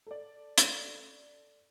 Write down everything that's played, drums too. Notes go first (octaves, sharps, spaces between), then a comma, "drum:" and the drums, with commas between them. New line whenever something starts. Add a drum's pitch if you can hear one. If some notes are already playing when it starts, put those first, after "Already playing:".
A4 D5
drum: hi-hat